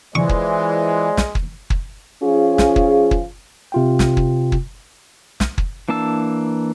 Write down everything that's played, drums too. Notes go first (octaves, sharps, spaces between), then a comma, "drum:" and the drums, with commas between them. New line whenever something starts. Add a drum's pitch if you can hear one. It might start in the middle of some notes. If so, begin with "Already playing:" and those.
E3 G#3 F4 C5 D5 C#6
drum: kick
drum: snare
drum: kick
drum: kick
F3 C#4 F4 G#4
drum: snare
drum: kick
drum: kick
C3 F4 G5
drum: snare
drum: kick
drum: kick
drum: snare
drum: kick
E3 A#3 D4 A5 E6